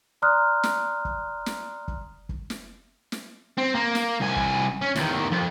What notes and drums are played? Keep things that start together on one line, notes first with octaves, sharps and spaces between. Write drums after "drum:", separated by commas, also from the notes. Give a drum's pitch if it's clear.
D5 A#5 C6 D#6 F6 F#6
drum: snare
drum: kick
drum: snare
drum: kick
drum: kick
drum: snare
drum: snare
C4
A#3
drum: snare
C2 G#5
drum: kick
C#4
E2 D#3, drum: snare
F2